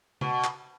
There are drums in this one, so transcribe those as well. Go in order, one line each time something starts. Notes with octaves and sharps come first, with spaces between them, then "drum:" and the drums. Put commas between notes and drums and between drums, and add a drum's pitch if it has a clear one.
B2, drum: tom C#3
drum: clap